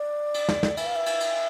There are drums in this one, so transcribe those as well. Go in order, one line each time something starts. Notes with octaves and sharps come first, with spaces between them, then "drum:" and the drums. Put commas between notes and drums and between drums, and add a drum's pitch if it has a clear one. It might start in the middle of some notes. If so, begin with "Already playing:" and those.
Already playing: D5
drum: cymbal
drum: snare
drum: snare
E5, drum: cymbal
F5
E5
drum: cymbal
drum: cymbal